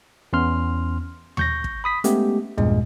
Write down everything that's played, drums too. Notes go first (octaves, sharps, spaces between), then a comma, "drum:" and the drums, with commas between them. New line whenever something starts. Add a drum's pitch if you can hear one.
E2 B3 C#4 C6 F6
C#6 G6 A#6, drum: tom D#2
drum: kick
B5 D#6 B6
G#3 A3 B3 C#4 G4, drum: hi-hat
E2 G2 A#2 G#3, drum: kick